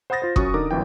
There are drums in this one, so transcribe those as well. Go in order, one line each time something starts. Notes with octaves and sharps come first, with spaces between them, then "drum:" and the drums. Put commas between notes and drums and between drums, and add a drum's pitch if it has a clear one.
C5 F#5 B5 D#6 A6 A#6
F4 C5
F#2 C#4 F#4 C#6 D#6, drum: kick
D3 D#4 A#4 D6 D#6
G1 F#2 E3 G5